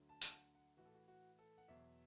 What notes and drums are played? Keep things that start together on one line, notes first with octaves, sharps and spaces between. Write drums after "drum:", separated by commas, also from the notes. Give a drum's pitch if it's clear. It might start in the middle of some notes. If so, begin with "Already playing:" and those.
Already playing: D2 D3 F#3
A5
A5, drum: tambourine
F#5
F#5
A2 E3 F#4
A4
F#4
F#4
A4
F#5
E2 B2 F#3 E5